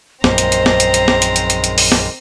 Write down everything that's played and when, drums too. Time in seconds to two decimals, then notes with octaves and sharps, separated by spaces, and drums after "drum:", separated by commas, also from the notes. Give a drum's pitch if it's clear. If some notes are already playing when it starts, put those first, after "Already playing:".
0.24 A#1 F#2 A#2 D#3 G#3 C4 C5 A#5, drum: snare
0.38 drum: hi-hat
0.52 drum: hi-hat
0.66 drum: snare
0.80 drum: hi-hat
0.94 drum: hi-hat
1.08 drum: snare
1.22 drum: hi-hat
1.36 drum: hi-hat
1.50 drum: hi-hat
1.64 drum: hi-hat
1.78 drum: open hi-hat
1.92 drum: snare